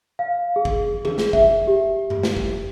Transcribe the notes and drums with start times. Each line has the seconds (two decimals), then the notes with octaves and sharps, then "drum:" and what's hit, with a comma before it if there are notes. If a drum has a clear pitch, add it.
0.19 F5
0.56 G#4
0.65 drum: kick
1.05 G#4, drum: tom
1.18 drum: snare
1.33 E5, drum: kick
1.67 G4
2.10 drum: tom G2
2.23 drum: snare
2.37 drum: kick